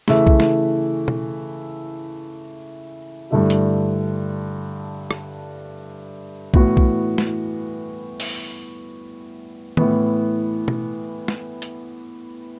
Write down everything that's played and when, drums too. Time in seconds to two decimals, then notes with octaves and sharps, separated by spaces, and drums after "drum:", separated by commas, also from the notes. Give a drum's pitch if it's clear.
0.08 C#3 E3 A3 E4, drum: snare
0.27 drum: kick B1
0.40 drum: snare
1.08 drum: tom B2
3.31 G2 D3 A3 E4
3.50 drum: hi-hat
5.11 drum: rim click
6.54 A2 E3 B3 F#4 B4, drum: kick B1
6.77 drum: kick B1
7.18 drum: snare
8.20 drum: open hi-hat
9.77 A2 E3 B3, drum: tom
10.68 drum: tom B2
11.28 drum: snare
11.62 drum: hi-hat